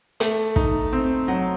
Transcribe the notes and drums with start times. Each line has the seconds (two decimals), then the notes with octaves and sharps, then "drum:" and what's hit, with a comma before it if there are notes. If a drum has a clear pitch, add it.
0.20 A3, drum: hi-hat
0.56 D#4, drum: kick
0.93 C4
1.28 F#3